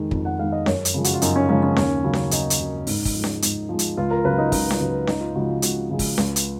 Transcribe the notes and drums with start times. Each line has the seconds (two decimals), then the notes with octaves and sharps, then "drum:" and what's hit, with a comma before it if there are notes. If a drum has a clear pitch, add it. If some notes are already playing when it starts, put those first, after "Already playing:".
Already playing: F2 D#3 G#3
0.11 F2, drum: kick
0.25 F#5
0.39 D#3 G#3 F5
0.52 D#5
0.66 F#2 C#5, drum: snare C#4
0.85 drum: hi-hat
0.94 C#3 F3 G#3
1.04 F#4, drum: hi-hat
1.14 F4
1.22 F#2 D#4, drum: hi-hat
1.36 C#4
1.49 C#3 F3 G#3 C#4
1.63 C#4
1.76 D#2 C#4, drum: snare C#4
2.04 C#3 F#3
2.13 drum: snare C#4
2.31 D#2 D#4, drum: hi-hat
2.50 drum: hi-hat
2.60 C#3 F#3
2.87 G#2, drum: open hi-hat
3.05 drum: kick, open hi-hat
3.15 F3 G#3
3.24 drum: snare C#4
3.42 G#2, drum: hi-hat
3.69 F3 G#3
3.79 drum: hi-hat
3.97 C#2 F4
4.10 A#4
4.25 C#3 F#3 B4
4.38 D#4
4.52 C#2 D#4, drum: kick, open hi-hat
4.71 drum: snare C#4
4.80 C#3 F#3
5.07 C#2 D#4, drum: snare C#4
5.20 F4
5.35 C#3 F3 G#3 F#4
5.49 F4
5.62 C#2 F#4, drum: hi-hat
5.90 C#3 F3 G#3
5.99 drum: kick, open hi-hat
6.18 C#2, drum: snare C#4
6.36 drum: hi-hat